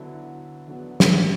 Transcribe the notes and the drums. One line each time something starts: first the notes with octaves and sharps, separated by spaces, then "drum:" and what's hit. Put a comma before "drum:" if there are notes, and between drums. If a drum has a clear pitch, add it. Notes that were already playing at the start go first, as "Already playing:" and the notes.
Already playing: D3 F#3 B3 E4
D3 F#3 B3
drum: snare